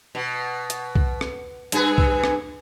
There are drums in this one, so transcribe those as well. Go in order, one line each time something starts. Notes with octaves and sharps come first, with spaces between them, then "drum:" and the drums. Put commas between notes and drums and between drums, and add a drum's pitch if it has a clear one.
B2
drum: hi-hat
drum: kick
drum: rim click
G2 G#4 B4, drum: hi-hat
drum: kick
drum: rim click